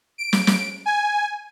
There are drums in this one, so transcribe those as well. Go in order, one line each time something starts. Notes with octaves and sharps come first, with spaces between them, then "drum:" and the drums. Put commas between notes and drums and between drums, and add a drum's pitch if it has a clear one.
D7
drum: snare
drum: snare
G#5